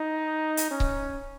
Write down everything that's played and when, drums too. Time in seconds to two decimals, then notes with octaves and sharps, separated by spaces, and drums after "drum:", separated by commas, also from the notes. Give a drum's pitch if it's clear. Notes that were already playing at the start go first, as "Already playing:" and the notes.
Already playing: D#4
0.57 drum: hi-hat
0.71 C#4
0.80 drum: kick C#1